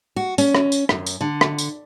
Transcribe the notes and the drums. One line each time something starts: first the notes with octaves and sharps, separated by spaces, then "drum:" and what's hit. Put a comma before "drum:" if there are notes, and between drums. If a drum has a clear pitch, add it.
F#4
C#4, drum: tambourine
drum: rim click
drum: tambourine
F#2, drum: rim click
drum: tambourine
D3
drum: rim click
drum: tambourine